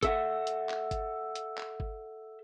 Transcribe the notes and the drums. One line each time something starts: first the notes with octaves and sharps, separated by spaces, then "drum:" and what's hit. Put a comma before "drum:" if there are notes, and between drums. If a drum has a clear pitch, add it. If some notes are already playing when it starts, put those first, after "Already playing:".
A4 E5 F#5, drum: kick G1, hi-hat
drum: hi-hat
drum: clap
drum: kick G1, hi-hat
drum: hi-hat
drum: clap
drum: kick G1